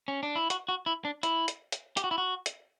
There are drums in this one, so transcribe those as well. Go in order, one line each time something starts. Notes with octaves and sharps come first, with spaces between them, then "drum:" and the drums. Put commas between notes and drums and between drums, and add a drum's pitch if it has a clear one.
C#4
D4
E4
F#4, drum: hi-hat
F#4
E4
D4
E4, drum: hi-hat
drum: hi-hat
drum: hi-hat
G4, drum: hi-hat
F#4
E4
F#4
drum: hi-hat